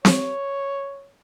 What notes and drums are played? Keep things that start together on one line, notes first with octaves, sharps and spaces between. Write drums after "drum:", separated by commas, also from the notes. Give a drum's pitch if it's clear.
C#5, drum: snare C4